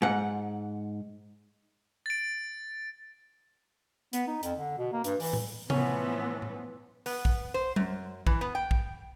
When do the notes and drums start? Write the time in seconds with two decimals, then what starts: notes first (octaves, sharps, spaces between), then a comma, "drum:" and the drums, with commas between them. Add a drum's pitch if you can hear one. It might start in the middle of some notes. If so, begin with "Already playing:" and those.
0.02 G#2 F#5
2.06 A6 D7
4.13 B3, drum: hi-hat
4.27 D#4
4.43 F2, drum: hi-hat
4.58 D3
4.78 B2
4.93 A#3
5.04 G2, drum: hi-hat
5.20 E3, drum: open hi-hat
5.33 drum: tom A2
5.70 A2 E3 F3 B3 C#4, drum: tom C3
6.42 drum: tom A2
7.06 B3, drum: open hi-hat
7.25 drum: kick
7.54 C5
7.76 F#2, drum: tom F#3
8.27 E3, drum: kick
8.41 B3
8.55 G5
8.71 drum: kick